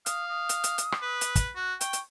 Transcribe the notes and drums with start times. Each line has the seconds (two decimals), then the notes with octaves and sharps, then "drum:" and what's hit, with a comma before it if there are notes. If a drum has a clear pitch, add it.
0.06 F5 D#6, drum: hi-hat
0.29 D#6
0.49 drum: hi-hat
0.64 drum: hi-hat
0.78 drum: hi-hat
0.92 drum: rim click
1.02 B4
1.21 drum: hi-hat
1.35 drum: kick, hi-hat
1.56 F#4 F#6
1.81 G5 C#6, drum: hi-hat
1.93 drum: hi-hat